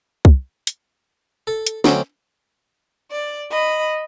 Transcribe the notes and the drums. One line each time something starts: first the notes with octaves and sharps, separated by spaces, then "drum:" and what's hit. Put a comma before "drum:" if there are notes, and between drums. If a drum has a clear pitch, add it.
drum: kick C2
drum: hi-hat
A4
drum: hi-hat
D2 F#3 C4 C#4 F#4 G5, drum: snare
D5
D#5 B5